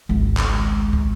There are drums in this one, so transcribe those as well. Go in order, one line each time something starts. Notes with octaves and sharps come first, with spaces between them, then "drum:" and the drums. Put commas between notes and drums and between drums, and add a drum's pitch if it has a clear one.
G#1 C#2
drum: clap
drum: kick